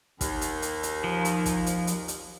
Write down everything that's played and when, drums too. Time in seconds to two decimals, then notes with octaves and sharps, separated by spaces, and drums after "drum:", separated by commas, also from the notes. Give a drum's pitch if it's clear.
0.21 D#2, drum: kick, hi-hat
0.41 drum: hi-hat
0.62 drum: hi-hat
0.83 drum: hi-hat
1.04 F3
1.25 drum: hi-hat
1.46 drum: kick, hi-hat
1.66 drum: hi-hat
1.87 drum: hi-hat
2.08 drum: hi-hat